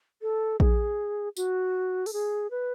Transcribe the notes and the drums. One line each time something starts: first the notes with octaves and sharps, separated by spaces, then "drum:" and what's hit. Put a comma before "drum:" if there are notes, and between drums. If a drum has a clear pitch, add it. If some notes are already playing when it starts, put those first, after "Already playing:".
A4
G#4, drum: kick A#1
F#4, drum: tambourine
A4, drum: open hi-hat
G#4
B4